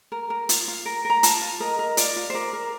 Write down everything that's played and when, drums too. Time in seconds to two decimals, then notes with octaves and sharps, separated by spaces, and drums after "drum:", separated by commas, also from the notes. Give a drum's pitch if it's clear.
0.12 A#4
0.30 A#4
0.49 F4, drum: hi-hat
0.68 F4
0.86 A#4
1.05 A#4 A#5
1.23 F4 A5, drum: hi-hat
1.41 F4
1.60 A#4 D#5
1.79 A#4
1.97 F4 D5, drum: hi-hat
2.16 F4
2.30 C5
2.34 A#4 D5
2.53 A#4